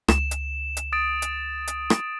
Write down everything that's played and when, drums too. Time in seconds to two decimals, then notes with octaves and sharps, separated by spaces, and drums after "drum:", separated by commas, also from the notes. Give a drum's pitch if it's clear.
0.08 C#2 E7, drum: rim click
0.31 drum: hi-hat
0.77 drum: hi-hat
0.93 D#6 A6 D7
1.22 drum: hi-hat
1.68 drum: hi-hat
1.90 drum: rim click